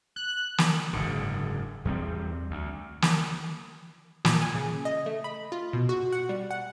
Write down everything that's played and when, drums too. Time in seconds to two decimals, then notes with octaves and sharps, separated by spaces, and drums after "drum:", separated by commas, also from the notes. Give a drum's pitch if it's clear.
0.16 F#6
0.58 drum: snare
0.93 F#1 G#2 D3
1.85 E2 G3 C4
2.51 D2
3.02 drum: snare
4.25 A#2, drum: snare
4.42 G#5
4.55 C#3
4.85 D#5
5.06 A3
5.24 B5
5.52 F4
5.73 B2
5.89 F#4
6.12 F#5
6.29 G3
6.51 F#5